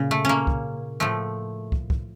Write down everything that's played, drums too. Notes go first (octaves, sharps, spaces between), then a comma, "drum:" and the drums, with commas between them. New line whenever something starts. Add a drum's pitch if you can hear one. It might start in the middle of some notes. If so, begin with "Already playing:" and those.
Already playing: A#2 C#3
A3
A#3 C#4
drum: kick
A2 F3 A3
drum: kick
drum: kick